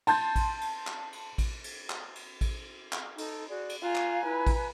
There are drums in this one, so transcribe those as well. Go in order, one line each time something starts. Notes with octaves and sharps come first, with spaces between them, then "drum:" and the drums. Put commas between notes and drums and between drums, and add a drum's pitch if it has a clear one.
A5 C6 G6 A6, drum: cymbal
drum: kick A1, cymbal
drum: cymbal
drum: clap
drum: cymbal
drum: kick A1, cymbal
drum: cymbal
drum: clap
drum: cymbal
drum: kick A1, cymbal
drum: clap
D#4 A4, drum: cymbal
F#4 G#4 D5
drum: cymbal
F4 F5 G#5 A#5 F#6
drum: clap
E4 B4
drum: kick A1, cymbal